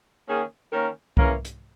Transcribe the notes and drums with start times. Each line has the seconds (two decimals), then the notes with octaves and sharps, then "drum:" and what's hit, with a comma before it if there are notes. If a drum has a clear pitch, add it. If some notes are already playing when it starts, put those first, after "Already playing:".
0.27 D#3 A#3 C#4 G#4
0.72 D#3 A#3 C#4 A#4
1.17 C#3 E3 A#3 C#4 A#4, drum: kick C2
1.45 drum: hi-hat